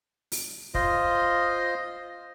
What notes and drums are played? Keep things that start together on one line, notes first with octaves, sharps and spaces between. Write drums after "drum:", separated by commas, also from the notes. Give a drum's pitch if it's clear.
drum: open hi-hat
F4 C5 D#5, drum: kick